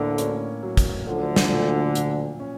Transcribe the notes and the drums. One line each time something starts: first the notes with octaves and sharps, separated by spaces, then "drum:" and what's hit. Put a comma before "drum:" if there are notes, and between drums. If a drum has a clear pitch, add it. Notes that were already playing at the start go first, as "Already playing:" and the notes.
Already playing: D2 A2 D3 A#3
C#4, drum: hi-hat
F#3
drum: kick, hi-hat
D2 D3 F3
drum: snare
A#2
A#2, drum: hi-hat
C#4